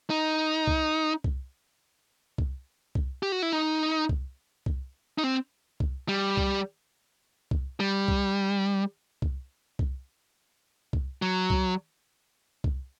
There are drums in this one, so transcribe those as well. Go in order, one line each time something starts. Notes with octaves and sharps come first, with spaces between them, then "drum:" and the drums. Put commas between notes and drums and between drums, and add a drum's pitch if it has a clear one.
D#4
drum: kick C2
drum: kick C2
drum: kick C2
drum: kick C2
G4
F#4
E4
D#4
drum: kick C2
drum: kick C2
D#4
C4
drum: kick C2
G3
drum: kick C2
drum: kick C2
G3
drum: kick C2
drum: kick C2
drum: kick C2
drum: kick C2
F#3
drum: kick C2
drum: kick C2